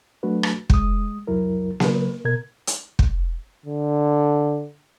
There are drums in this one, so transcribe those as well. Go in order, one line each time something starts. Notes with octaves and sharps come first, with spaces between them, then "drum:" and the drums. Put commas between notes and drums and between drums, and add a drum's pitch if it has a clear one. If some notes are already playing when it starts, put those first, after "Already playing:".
F#3 A3 D4 F#4 B4
drum: rim click
G#3 D#6, drum: kick
C2 F2 F#3 E4 A#4
C#3 F#3 A#4 B4, drum: snare A#3
B2 A#4 G#6
drum: hi-hat
drum: kick
D3